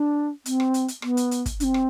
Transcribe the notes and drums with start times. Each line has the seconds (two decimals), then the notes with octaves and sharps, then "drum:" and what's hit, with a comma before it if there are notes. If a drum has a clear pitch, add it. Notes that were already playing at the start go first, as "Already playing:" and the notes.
Already playing: D4
0.46 C4, drum: hi-hat
0.60 drum: rim click
0.74 drum: hi-hat
0.88 drum: hi-hat
1.02 B3, drum: rim click
1.17 drum: hi-hat
1.31 drum: hi-hat
1.46 drum: kick, hi-hat
1.60 D4, drum: hi-hat
1.64 C4
1.74 drum: rim click